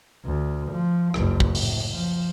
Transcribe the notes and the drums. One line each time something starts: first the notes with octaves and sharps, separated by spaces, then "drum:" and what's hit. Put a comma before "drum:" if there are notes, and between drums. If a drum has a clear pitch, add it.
D2
F3
F#1 C#2, drum: rim click
drum: kick
A2, drum: open hi-hat
F3